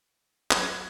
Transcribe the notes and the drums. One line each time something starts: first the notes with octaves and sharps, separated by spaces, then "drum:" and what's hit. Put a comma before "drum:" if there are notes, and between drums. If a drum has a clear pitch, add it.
F#3 F#4 F#6 G#6, drum: clap